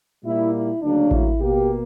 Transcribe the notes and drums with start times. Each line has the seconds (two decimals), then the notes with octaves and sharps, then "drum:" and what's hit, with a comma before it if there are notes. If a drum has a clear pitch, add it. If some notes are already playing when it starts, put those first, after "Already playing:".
0.24 A#2 G3 A#3 E4
0.53 E4
0.82 D2 C#3 F#3 A#3 D4
1.11 E4, drum: kick A1
1.40 B2 A#3 G4